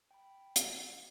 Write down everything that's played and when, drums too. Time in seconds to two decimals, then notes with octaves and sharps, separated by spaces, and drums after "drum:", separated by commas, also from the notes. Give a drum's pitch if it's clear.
0.11 G5 B5
0.56 drum: hi-hat